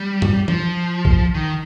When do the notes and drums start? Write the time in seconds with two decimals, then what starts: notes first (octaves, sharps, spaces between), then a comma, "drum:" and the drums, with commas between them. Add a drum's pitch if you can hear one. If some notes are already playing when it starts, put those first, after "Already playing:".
Already playing: G3
0.22 drum: tom F#2
0.48 F3, drum: tom E3
1.05 drum: kick
1.34 D#3